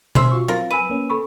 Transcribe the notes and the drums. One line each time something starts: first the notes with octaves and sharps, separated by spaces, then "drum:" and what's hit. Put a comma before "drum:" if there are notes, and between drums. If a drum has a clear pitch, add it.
C#4 C5 E5, drum: tom B2
F4 F#4 C#6
F#3 C4 F4 A#4
B4 G#5 E6 D#7
A#3 C#4
A4 B5 C#6